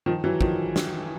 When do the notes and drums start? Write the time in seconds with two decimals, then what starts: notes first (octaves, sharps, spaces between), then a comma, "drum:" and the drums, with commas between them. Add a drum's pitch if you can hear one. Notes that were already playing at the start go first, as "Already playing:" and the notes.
0.06 D#3 F3
0.24 E3 F#3
0.41 D#3 F3, drum: kick
0.76 drum: snare